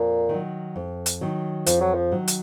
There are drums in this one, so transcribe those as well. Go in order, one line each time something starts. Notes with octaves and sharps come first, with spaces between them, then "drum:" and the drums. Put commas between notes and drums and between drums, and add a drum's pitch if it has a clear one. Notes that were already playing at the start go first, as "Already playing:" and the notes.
Already playing: F2 A#2
D#3 F#3
F2
drum: hi-hat
D#3 F#3
F2 F3, drum: hi-hat
F#3
F3
D#3 F#3
drum: hi-hat